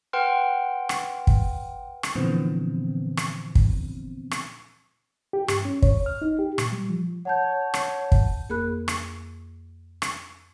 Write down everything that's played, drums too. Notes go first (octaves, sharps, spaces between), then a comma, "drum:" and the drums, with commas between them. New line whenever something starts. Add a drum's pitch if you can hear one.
B4 F#5 G5 C6 F6
drum: rim click
drum: kick
drum: rim click
A#2 D3 E3 F3 B3 C4
drum: rim click
drum: kick
drum: rim click
G4
G2, drum: rim click
C#4
C#5, drum: kick
F6
D#4
G4
A#2, drum: rim click
G3
F3
C#5 F#5 A5 G6
drum: rim click
drum: kick
F2 A#3 G#4 A#4 B5 F#6
drum: rim click
drum: rim click